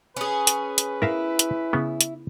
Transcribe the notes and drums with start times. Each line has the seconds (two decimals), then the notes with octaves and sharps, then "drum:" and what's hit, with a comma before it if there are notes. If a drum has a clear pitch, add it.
0.17 C#4 G#4 B4
0.47 drum: hi-hat
0.78 drum: hi-hat
1.02 E4 A#4 E5 F5
1.39 drum: hi-hat
1.73 C#3 B3
2.01 drum: hi-hat